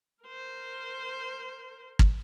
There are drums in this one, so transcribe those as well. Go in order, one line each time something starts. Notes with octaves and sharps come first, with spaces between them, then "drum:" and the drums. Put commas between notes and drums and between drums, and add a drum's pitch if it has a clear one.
A#4 C5
drum: kick